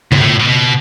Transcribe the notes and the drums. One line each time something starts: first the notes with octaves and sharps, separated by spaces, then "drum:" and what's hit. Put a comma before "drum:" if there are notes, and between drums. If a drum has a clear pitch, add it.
G#2, drum: tom C#3
A2
A2
B2